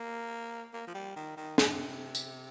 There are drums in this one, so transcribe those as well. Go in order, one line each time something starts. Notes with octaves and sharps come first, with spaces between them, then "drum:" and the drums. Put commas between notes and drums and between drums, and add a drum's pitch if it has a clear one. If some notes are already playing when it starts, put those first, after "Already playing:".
Already playing: A#3
A#3
F3
G3
D#3
D#3
C3, drum: snare
drum: tambourine